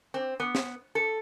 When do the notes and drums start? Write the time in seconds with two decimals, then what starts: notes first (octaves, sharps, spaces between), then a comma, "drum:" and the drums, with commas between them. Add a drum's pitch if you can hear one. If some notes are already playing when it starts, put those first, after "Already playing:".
0.14 C4
0.40 B3
0.55 drum: snare
0.95 A4